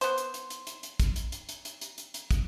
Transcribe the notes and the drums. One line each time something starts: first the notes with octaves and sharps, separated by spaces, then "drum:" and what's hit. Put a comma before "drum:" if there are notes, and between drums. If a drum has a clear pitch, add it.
B3 C5, drum: hi-hat
drum: hi-hat
drum: hi-hat
drum: hi-hat
drum: hi-hat
drum: hi-hat
drum: kick, hi-hat
drum: hi-hat
drum: hi-hat
drum: hi-hat
drum: hi-hat
drum: hi-hat
drum: hi-hat
drum: hi-hat
drum: kick, hi-hat